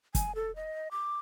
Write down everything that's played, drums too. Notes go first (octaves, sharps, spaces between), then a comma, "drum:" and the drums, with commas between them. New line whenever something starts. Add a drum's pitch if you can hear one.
G#5, drum: kick, hi-hat
A4
D#5
D6